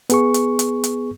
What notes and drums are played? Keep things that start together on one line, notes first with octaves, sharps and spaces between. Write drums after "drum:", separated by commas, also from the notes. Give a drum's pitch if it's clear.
B3 G#4 C#6, drum: hi-hat
drum: hi-hat
drum: hi-hat
drum: hi-hat